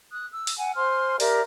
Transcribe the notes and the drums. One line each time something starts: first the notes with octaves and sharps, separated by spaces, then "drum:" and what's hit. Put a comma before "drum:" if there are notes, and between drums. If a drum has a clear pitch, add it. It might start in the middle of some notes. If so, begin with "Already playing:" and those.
D#6 F#6
E6
drum: open hi-hat
F#5 G#5
C5 G#5 C6 F6
G4 A#4 D5 E5, drum: open hi-hat